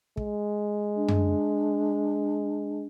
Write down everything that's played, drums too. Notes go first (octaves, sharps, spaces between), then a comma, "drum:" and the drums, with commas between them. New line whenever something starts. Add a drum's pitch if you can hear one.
G#3, drum: kick
D4
drum: tom F#2